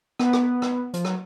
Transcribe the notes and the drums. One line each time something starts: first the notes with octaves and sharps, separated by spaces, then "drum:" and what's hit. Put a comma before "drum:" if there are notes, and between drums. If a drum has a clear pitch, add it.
B3, drum: rim click
drum: rim click
drum: rim click
F3, drum: hi-hat
F#3, drum: rim click